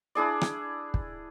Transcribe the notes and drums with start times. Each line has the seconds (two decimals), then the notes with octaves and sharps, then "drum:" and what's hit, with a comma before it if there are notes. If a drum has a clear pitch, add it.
0.15 D4 E4 G#4 D5
0.41 drum: rim click
0.94 drum: kick